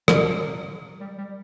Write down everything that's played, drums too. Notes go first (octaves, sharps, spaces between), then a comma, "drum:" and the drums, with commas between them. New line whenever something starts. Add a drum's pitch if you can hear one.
E3, drum: rim click
F3
F#3
G3
G3